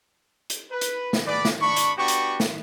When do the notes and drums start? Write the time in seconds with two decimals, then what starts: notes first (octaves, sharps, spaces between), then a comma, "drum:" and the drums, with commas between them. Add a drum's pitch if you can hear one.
0.50 drum: hi-hat
0.70 B4
0.81 drum: hi-hat
1.13 drum: snare
1.26 B3 G#4 B4 D5
1.45 drum: snare
1.61 D4 B5 C#6
1.76 drum: hi-hat
1.97 B3 D4 F#4 G4 C#6
2.08 drum: hi-hat
2.40 drum: snare